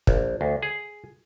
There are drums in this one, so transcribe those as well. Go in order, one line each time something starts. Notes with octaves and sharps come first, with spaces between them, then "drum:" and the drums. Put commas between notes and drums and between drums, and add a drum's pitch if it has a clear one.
A#1, drum: kick
D2
G#4